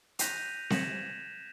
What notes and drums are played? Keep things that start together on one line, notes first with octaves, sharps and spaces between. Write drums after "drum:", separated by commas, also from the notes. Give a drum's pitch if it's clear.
F#6 G6 A#6 B6 D#7 F7, drum: hi-hat
G#6 A#6 B6 C#7 E7 F#7, drum: snare C4